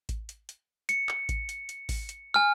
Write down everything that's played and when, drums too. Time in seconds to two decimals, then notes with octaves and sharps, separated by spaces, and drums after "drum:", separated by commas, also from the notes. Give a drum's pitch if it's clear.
0.09 drum: kick A1, hi-hat
0.29 drum: hi-hat
0.49 drum: hi-hat
0.89 C#7, drum: hi-hat
1.09 drum: clap
1.29 drum: kick A1, hi-hat
1.49 drum: hi-hat
1.69 drum: hi-hat
1.89 drum: kick A1, open hi-hat
2.09 drum: hi-hat
2.34 G#5 F6